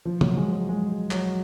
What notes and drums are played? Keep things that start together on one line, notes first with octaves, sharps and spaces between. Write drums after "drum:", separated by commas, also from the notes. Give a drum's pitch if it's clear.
F3
F#3, drum: tom
G#3
F#3
G#3
F#3, drum: clap